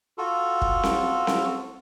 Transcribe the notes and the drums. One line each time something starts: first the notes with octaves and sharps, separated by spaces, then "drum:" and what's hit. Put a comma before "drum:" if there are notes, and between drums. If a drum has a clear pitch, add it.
F4 F#4 A4
drum: kick
drum: snare C4
drum: snare C4